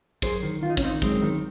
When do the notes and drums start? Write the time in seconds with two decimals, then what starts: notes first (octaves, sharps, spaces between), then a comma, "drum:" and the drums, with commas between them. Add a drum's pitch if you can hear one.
0.22 F#2 G#4 C5, drum: kick
0.43 D#3
0.62 D#3 F4
0.70 D#4
0.77 C#4, drum: kick
0.82 D#3 C4 D#4
1.02 F#2 G#3 C4, drum: kick
1.22 D#3